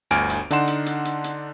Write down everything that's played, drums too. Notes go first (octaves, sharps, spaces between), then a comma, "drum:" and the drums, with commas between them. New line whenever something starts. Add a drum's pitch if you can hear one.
G1 D2 G#5 F6 D7, drum: hi-hat
drum: hi-hat
D3 D4 D#4 F#5 C6 E7, drum: hi-hat
drum: hi-hat
drum: hi-hat
drum: hi-hat
drum: hi-hat